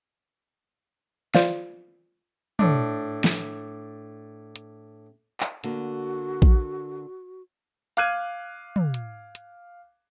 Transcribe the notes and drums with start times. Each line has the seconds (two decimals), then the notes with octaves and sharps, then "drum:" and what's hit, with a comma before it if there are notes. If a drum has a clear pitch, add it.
1.35 F4 C5 D5 F5, drum: snare
2.59 A2 D4, drum: tom
3.24 drum: snare
4.56 drum: hi-hat
5.40 drum: clap
5.64 D3 A#3 F#4, drum: hi-hat
6.42 drum: kick A#1
7.97 F5 D6 F6 F#6 G#6 D#7, drum: hi-hat
8.76 drum: tom
8.94 drum: hi-hat
9.35 drum: hi-hat